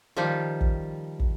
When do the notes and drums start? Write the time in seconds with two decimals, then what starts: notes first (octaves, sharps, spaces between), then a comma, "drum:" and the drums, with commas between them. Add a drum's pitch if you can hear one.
0.17 D#3 F3 G3 F4 G4
0.61 drum: kick
1.19 drum: kick